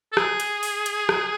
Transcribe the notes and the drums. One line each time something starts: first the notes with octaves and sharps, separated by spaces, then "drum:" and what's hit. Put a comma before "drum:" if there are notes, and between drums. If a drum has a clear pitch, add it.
A4
G#4, drum: rim click
drum: hi-hat
drum: open hi-hat
drum: hi-hat
drum: rim click